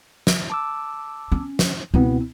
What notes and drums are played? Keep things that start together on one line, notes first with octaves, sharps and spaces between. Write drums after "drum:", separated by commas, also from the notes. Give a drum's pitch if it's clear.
drum: snare
A5 D6 E6
C#4
drum: snare
C#2 B2 B3 C4 E4